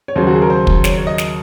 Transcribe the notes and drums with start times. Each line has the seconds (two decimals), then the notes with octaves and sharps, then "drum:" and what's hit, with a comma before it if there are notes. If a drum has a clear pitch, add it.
0.08 C#5
0.16 D#2 C#3 F#3 C5
0.27 F#4
0.35 G#4
0.42 A#4
0.50 C5
0.67 drum: kick
0.84 C#5, drum: snare
0.98 C#5
1.07 D#5
1.18 drum: snare